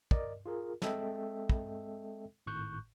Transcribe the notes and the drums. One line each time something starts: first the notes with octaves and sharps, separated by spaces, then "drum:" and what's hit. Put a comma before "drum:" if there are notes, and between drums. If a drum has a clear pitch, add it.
A#4 D5 D#5, drum: kick
F4 G#4 A#4
G#3 C4 A4 D#5 E5 G5, drum: snare
drum: kick
G#1 A2 C#6 F#6 G6